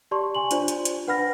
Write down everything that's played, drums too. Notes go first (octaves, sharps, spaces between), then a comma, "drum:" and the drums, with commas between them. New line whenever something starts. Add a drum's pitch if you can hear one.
G4 D5 A5 C6 C#6
G#5 C6 F#7
D4 F4 C5 D5, drum: hi-hat
drum: hi-hat
drum: hi-hat
D4 B4 F#5 B5 F6 A#6